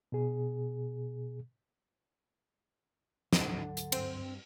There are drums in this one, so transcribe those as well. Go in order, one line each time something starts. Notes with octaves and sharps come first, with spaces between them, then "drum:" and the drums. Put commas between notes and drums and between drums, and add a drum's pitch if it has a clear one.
B2 G#4
D2 G#2 D3 F#3 D4, drum: snare
drum: hi-hat
G2 C4, drum: cymbal